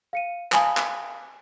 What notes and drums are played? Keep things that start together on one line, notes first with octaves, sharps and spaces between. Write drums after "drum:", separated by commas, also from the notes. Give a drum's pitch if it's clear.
F5 C#7 D#7
F5 G#5 A5 B5 D#6, drum: clap
drum: clap